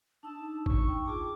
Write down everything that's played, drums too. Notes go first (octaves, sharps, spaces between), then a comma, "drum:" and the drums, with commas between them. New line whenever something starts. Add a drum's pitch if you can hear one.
D4 D#4 A5 E6
C#6, drum: kick
G5
F4 G#4 A5 D6